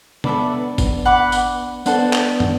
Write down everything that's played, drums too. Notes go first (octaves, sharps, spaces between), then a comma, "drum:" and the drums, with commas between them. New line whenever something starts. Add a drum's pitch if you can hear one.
B3 D4 A4 E5 B5 D6, drum: tom C3
drum: kick G#1, tambourine
B4 F#5 B5 D6
drum: tambourine
B3 D4 A4 C5 F#5, drum: tambourine
drum: clap
drum: tom